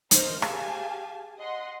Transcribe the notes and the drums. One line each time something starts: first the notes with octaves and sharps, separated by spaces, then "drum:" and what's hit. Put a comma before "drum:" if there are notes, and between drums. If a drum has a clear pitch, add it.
A#4 C5 D#5 F6 G6, drum: hi-hat
G4 G#4 F5 G#5 A5, drum: rim click
D#5 F#5 C6